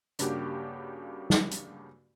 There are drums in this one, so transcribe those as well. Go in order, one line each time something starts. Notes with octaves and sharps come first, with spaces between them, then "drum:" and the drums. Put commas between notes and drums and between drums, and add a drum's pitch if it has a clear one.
G2 C#3 A#3 D4 F#4 G4, drum: hi-hat
drum: snare
drum: hi-hat